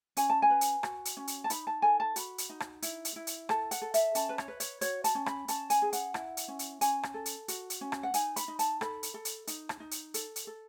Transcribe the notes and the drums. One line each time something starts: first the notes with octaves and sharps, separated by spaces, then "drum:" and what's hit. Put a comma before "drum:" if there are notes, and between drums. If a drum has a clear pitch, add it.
C#4 G#5, drum: hi-hat
A5
G#5
B4
drum: hi-hat
F#4, drum: rim click
drum: hi-hat
C#4
drum: hi-hat
A5
D#4 B5, drum: hi-hat
A5
A4 G#5
A5
F#4 B5, drum: hi-hat
drum: hi-hat
D#4
drum: rim click
E4, drum: hi-hat
drum: hi-hat
E4
drum: hi-hat
A4 A5, drum: rim click
F#5, drum: hi-hat
A4
E5, drum: hi-hat
C#4 A5, drum: hi-hat
B4
C#5, drum: rim click
B4
C#5, drum: hi-hat
F#4 C#5, drum: hi-hat
A5, drum: hi-hat
C#4
B5, drum: rim click
C#4 A5, drum: hi-hat
G#5, drum: hi-hat
G#4
F#5, drum: hi-hat
E4, drum: rim click
drum: hi-hat
C#4
drum: hi-hat
C#4 G#5, drum: hi-hat
drum: rim click
A4
drum: hi-hat
F#4, drum: hi-hat
drum: hi-hat
C#4
drum: rim click
F#5
D#4 G#5, drum: hi-hat
B5, drum: hi-hat
D#4
A5, drum: hi-hat
A4 B5, drum: rim click
drum: hi-hat
A4
drum: hi-hat
D#4, drum: hi-hat
drum: rim click
D#4
drum: hi-hat
A4, drum: hi-hat
drum: hi-hat
A4